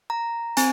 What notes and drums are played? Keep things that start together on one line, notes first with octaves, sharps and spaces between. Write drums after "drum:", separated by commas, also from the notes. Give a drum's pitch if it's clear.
A#5
C4 G#5, drum: hi-hat